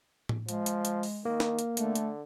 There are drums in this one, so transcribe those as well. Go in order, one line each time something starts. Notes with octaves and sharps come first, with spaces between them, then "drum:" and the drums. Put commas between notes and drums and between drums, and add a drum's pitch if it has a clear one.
drum: tom A2
F3 G#3, drum: hi-hat
drum: hi-hat
drum: hi-hat
drum: open hi-hat
D#3 A#3
drum: snare
drum: hi-hat
D3 A3, drum: hi-hat
drum: hi-hat